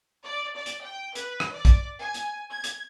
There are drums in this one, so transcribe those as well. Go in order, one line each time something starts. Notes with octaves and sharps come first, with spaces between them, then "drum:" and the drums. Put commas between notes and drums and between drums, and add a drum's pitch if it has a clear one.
D5
D5
drum: hi-hat
G5
B4, drum: hi-hat
drum: rim click
D5
drum: kick, hi-hat
G#5
drum: hi-hat
G#6
drum: hi-hat